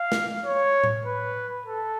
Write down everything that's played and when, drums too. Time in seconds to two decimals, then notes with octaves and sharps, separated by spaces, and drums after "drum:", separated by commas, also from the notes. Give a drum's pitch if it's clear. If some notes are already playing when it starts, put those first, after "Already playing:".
Already playing: F5
0.12 drum: snare
0.46 C#5
0.84 drum: tom A2
1.06 B4
1.66 A4